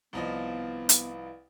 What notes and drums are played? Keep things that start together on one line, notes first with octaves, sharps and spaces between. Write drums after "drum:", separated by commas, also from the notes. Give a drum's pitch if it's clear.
C2 F3 B3 E4 B4 D#5 F5
drum: hi-hat